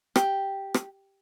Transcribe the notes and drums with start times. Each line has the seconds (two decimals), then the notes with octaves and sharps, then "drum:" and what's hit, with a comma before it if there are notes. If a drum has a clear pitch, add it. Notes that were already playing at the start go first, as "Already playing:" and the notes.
0.16 G4, drum: rim click
0.74 drum: rim click